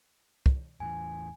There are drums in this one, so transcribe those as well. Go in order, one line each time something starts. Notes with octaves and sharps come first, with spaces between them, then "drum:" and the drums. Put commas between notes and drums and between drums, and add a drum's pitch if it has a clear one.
drum: kick
E2 A2 E3 G#5